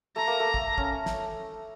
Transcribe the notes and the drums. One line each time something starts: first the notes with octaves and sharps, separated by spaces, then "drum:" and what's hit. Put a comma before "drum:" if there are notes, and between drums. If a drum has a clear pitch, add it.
A3 A#5
A#3
A3
drum: kick
C#4, drum: kick
drum: snare